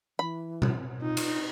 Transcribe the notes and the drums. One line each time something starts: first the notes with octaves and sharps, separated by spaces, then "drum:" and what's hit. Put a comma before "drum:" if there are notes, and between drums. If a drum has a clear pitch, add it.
E3 B5
drum: tom B2
D#4 F4
drum: cymbal